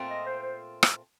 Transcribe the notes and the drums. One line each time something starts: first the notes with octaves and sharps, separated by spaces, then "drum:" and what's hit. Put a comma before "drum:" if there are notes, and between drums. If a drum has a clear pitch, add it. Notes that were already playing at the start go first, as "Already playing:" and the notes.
Already playing: A#2 A3 C4 F4
D#5
C5
C5
drum: rim click